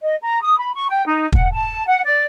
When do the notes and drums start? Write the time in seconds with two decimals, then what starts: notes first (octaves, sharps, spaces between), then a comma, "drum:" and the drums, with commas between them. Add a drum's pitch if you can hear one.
0.02 D#5
0.22 A#5
0.42 D#6
0.59 B5
0.74 C#6
0.89 G5
1.06 D#4
1.32 F#5, drum: kick
1.51 A5
1.87 F#5
2.04 D5